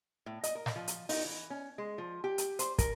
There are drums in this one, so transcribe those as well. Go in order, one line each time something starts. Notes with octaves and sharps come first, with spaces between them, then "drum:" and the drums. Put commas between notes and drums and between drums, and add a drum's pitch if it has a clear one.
A2
D#5, drum: hi-hat
A#4
drum: snare
F3
drum: hi-hat
D#4, drum: open hi-hat
E3
C#4
G#3
F3
G4
drum: hi-hat
C5, drum: hi-hat
A#4, drum: kick, hi-hat